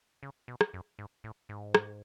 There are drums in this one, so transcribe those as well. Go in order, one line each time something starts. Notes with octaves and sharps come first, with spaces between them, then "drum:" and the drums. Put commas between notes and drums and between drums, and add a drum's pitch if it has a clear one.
C#3
B2
drum: rim click
F#2
G#2
A2
G#2
drum: rim click